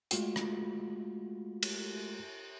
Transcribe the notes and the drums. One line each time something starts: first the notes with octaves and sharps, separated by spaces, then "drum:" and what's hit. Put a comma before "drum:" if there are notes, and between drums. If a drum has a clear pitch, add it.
G#3 A3 F4 F#4, drum: hi-hat
drum: rim click
drum: cymbal